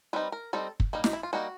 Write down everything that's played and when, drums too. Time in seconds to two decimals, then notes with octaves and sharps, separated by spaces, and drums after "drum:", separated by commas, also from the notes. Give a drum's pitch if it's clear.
0.13 G3 C4 D#4 B4
0.32 A#4
0.53 G3 C4 D#4 A4
0.80 drum: kick
0.93 G3 A#3 D#4
1.04 D#4, drum: snare
1.13 E4
1.23 F4
1.33 G3 A#3 D#4 F#4